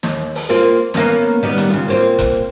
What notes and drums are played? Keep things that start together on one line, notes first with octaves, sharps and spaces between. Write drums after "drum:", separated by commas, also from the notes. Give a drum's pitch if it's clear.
D#2, drum: snare
drum: open hi-hat
A#3 C4 F4
A#3 B3 C#4, drum: snare
D#3 G3 B3
drum: hi-hat
C#3 F4
A#3 C4 F4
drum: kick F1, hi-hat